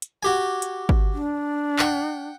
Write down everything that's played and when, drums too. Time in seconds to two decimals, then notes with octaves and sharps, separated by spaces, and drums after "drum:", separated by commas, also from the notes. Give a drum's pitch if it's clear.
0.02 drum: hi-hat
0.23 F#4 G4 G#5
0.62 drum: hi-hat
0.89 drum: kick
1.13 D4
1.79 F#5 G5, drum: clap